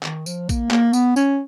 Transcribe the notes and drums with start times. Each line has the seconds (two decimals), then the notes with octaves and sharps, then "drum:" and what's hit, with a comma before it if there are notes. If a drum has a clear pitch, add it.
0.03 D#3, drum: clap
0.26 F3, drum: tambourine
0.49 A#3, drum: kick A1, tambourine
0.71 A#3, drum: clap
0.93 B3, drum: tambourine
1.16 C#4, drum: tambourine